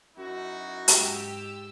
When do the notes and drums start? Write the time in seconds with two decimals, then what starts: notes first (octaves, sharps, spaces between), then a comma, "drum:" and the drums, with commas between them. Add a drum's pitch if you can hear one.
0.17 F#2 D#4 E4 F#4
0.88 G#2 G4 E6, drum: hi-hat